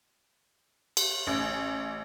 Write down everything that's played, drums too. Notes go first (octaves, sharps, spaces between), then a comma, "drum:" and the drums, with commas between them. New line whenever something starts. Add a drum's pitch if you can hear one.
drum: cymbal
A1